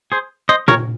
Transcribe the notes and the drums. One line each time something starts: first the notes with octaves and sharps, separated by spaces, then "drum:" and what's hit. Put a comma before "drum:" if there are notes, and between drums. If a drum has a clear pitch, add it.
G#4 C5
C5 D#5
A#4 C#5, drum: tom A#2